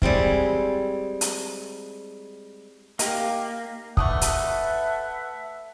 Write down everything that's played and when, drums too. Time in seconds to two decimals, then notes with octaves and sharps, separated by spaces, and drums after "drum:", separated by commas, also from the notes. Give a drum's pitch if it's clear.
0.02 G3 G#3 C4 E4, drum: kick
1.21 drum: hi-hat
2.99 A#3 D#4 G4 F5, drum: hi-hat
3.97 A3 D4 D#4 A4 B4 E5 F#5 D#6, drum: kick
4.21 drum: hi-hat